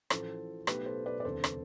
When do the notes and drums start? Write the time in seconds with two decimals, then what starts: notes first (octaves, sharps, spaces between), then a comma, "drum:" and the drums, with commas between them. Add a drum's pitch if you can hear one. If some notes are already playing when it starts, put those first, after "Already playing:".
0.10 A1 A2 F3 A4 C5, drum: rim click
0.67 B1 B2 A3 G4 B4, drum: rim click
0.86 A4 C5
1.06 B4 D5
1.20 D5
1.25 E1 D2 C3 A4 C5
1.44 drum: rim click